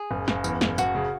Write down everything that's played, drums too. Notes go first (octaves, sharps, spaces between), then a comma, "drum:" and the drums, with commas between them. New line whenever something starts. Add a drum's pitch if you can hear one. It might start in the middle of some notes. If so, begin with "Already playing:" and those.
Already playing: G#4
F#1
F#1, drum: snare
E2, drum: tambourine
F#1, drum: snare
F#1 F#4, drum: tambourine
C#3